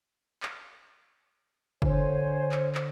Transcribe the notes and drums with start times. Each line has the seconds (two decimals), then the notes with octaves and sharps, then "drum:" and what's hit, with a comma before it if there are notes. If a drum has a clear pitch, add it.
0.43 drum: clap
1.82 D3 C5 C#5 G#5, drum: kick
2.52 drum: clap
2.75 drum: clap